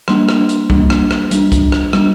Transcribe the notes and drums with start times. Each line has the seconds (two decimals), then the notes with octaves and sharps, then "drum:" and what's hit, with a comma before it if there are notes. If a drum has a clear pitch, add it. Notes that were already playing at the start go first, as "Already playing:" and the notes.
0.08 G3 A#3 D4 C6, drum: rim click
0.29 drum: rim click
0.49 drum: hi-hat
0.70 G3 A#3 D4, drum: kick
0.90 drum: rim click
1.11 drum: rim click
1.31 G3 D4, drum: hi-hat
1.52 drum: kick, hi-hat
1.72 drum: rim click
1.93 G3 D4, drum: rim click